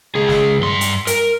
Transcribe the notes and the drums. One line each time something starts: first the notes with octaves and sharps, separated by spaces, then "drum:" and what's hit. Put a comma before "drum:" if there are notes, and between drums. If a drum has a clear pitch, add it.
C#2 G#4
drum: snare
G2 C6
drum: hi-hat
A#4, drum: hi-hat